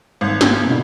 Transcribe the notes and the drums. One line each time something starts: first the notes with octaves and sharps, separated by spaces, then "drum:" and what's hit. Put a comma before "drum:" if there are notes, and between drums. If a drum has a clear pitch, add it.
G#1
drum: snare
B2 D3 E4